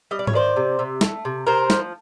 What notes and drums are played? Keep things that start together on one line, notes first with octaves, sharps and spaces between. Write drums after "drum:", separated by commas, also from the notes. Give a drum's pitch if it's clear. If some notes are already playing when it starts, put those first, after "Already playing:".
G3 D#5
D5
C#5, drum: tom G#2
D#3 C5 D5
C3
C3
A3, drum: snare
C3
C3 A#4 C5
F3, drum: snare